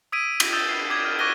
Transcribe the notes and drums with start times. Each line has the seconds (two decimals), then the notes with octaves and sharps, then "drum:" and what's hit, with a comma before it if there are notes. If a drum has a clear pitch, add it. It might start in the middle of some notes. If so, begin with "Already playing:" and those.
0.12 D#6 E6 G#6 B6 D7 D#7
0.40 drum: cymbal
0.53 D#6 E6 G6 A6 E7 G7
0.69 C7
0.90 D6 G#6
1.05 F6
1.19 C#6 D6 F#6 A#6 D#7 G7